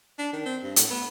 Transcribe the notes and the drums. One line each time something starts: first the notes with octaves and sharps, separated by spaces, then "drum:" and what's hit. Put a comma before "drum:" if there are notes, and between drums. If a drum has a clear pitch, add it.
D4
D#3
C4
G2
A2, drum: hi-hat
B3